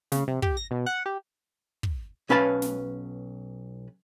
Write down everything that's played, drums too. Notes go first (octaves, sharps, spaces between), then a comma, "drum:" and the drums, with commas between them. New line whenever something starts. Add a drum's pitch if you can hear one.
C#3, drum: snare
C3
G4, drum: kick
A#6
B2
F#5
G4
drum: kick
B1 C#4 B4 F5 A5
drum: snare